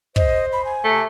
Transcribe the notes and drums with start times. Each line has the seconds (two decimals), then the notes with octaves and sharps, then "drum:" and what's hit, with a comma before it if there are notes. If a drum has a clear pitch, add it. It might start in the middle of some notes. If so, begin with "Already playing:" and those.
0.16 C5 D#5, drum: kick
0.53 B5
0.65 G#5
0.84 C3 A3